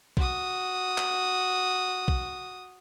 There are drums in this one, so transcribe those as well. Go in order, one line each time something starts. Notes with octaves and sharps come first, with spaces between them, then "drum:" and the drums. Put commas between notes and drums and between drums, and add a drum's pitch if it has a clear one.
F#4 D#6, drum: kick B1
drum: clap
drum: kick B1